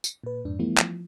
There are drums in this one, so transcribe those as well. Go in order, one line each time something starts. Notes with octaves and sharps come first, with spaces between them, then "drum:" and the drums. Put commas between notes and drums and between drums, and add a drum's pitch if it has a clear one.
drum: tambourine
A#2 B4
F2 G#2 D4
E3 F3 G3 A3 B3 E4
F3, drum: clap